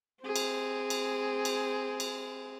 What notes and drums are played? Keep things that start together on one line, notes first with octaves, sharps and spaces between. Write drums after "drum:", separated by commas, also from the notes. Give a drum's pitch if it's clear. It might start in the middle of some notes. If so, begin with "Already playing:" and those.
C4 G#4
drum: cymbal
drum: cymbal
drum: cymbal
drum: cymbal